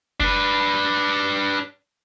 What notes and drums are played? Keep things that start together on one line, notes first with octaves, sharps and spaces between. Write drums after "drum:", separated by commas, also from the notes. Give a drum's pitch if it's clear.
D4 B4, drum: kick F1